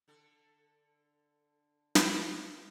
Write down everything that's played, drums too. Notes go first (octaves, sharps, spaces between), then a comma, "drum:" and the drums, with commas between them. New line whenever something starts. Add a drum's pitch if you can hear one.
D3 A4
drum: snare